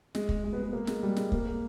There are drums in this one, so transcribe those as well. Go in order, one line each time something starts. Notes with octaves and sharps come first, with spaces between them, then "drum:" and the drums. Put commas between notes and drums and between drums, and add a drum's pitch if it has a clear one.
G#3, drum: snare
drum: kick
G#3
B3
B3
A#3
G#3, drum: snare
G3
G#3, drum: snare
A#3, drum: kick
A#3